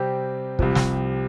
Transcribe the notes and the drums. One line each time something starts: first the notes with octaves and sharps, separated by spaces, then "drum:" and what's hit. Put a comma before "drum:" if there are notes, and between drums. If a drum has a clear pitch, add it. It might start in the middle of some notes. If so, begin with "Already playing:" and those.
Already playing: C3 G3 C4 G4
C2 C3 F3, drum: kick
drum: snare